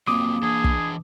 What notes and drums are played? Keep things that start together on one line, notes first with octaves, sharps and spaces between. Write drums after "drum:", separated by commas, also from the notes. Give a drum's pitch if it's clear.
F#3 A#3 C4 F4 D6 D#6
E3 D4 G#4 A5
drum: kick